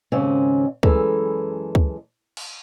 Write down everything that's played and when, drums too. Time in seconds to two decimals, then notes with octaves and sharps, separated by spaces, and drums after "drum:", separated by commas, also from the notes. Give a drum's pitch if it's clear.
0.12 D#2 G#2 C#3 C4 C#4 G4
0.83 F#2 E3 G#3 A4, drum: kick C#2
1.75 drum: kick C#2
2.37 drum: cymbal